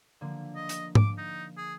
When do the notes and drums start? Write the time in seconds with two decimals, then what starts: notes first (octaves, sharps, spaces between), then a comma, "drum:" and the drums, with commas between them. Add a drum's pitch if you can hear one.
0.21 D3 F3 A#3
0.56 D#5
0.69 drum: hi-hat
0.95 D6, drum: tom G#2
1.18 D#4
1.57 G#4